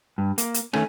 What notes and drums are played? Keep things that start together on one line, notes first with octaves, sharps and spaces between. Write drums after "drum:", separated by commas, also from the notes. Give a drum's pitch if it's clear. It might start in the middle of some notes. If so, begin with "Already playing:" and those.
G2
A#3, drum: hi-hat
drum: hi-hat
D#3 A3 C#4, drum: rim click